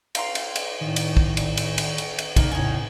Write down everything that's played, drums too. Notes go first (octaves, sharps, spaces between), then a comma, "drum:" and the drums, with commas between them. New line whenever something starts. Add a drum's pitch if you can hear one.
F5 A#5 C6, drum: cymbal
drum: cymbal
drum: cymbal
A2 D#3
drum: cymbal
drum: kick
drum: cymbal
drum: cymbal
drum: cymbal
drum: cymbal
drum: cymbal
C#3 A#3 D#4, drum: kick, cymbal
E2 A2 C#3 D#4 G#5